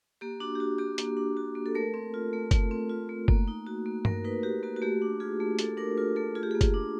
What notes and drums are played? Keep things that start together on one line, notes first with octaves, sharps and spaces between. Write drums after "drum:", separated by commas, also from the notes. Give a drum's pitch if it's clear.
A#3 G4
D4 F#4
G4
F#4
A#3 G4
A#3, drum: hi-hat
D4
F#4
A#3
A4
A3 A#4
C4
F4
A3
A3, drum: kick F#1, hi-hat
C4
F4
A3
A#3, drum: kick F#1
D#4
F#4
A#3
A#3 A#4, drum: tom G2
D#4 B4
F#4 G4
A#3 F#4
F#4
A3 G4
D4
F4 G#4
A3
A3 A4, drum: hi-hat
D4 A#4
F4 A#4
A3 A4
F4 G#4
G4
G#4
A#3
G4, drum: kick F#1, hi-hat
D4